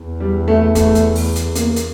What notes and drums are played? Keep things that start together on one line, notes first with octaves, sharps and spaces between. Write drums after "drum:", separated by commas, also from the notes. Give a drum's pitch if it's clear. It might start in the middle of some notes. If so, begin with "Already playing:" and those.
Already playing: E2
G3
A3
A3, drum: kick, hi-hat
drum: hi-hat
drum: open hi-hat
drum: hi-hat
A#3, drum: hi-hat
drum: hi-hat